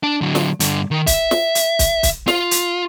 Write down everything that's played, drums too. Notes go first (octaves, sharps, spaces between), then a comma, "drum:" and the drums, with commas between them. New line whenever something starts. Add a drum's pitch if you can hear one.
D4
D3 F#3
drum: snare
G2 D3, drum: hi-hat
D#3
E5, drum: kick, hi-hat
drum: snare
drum: hi-hat
drum: kick, hi-hat
drum: kick, hi-hat
F4, drum: snare
drum: hi-hat